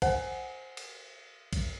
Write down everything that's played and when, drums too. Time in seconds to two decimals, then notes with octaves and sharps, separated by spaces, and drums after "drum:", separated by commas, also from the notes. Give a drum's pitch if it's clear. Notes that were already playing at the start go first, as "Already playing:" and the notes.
0.02 C5 F#5 G#5, drum: kick B1, cymbal
0.77 drum: cymbal
1.53 drum: kick B1, cymbal